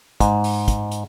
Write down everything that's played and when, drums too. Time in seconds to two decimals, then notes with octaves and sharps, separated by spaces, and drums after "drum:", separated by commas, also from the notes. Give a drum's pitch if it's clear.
0.20 G#2, drum: kick, hi-hat
0.44 drum: open hi-hat
0.68 drum: kick, hi-hat
0.91 drum: hi-hat